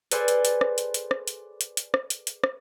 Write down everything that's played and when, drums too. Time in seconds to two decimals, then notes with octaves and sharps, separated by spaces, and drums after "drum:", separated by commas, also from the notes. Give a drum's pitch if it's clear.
0.11 G#4 A4 B4 C5 D5 G#5, drum: hi-hat
0.28 drum: hi-hat
0.45 drum: hi-hat
0.61 drum: rim click
0.78 drum: hi-hat
0.94 drum: hi-hat
1.11 drum: rim click
1.28 drum: hi-hat
1.61 drum: hi-hat
1.77 drum: hi-hat
1.94 drum: rim click
2.10 drum: hi-hat
2.27 drum: hi-hat
2.44 drum: rim click